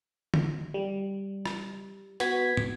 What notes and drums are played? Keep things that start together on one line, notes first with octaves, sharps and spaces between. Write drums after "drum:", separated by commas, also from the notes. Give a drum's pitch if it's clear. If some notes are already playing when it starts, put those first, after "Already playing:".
drum: tom D3
G3
drum: rim click
B3 F#4 G#6 B6, drum: hi-hat
drum: tom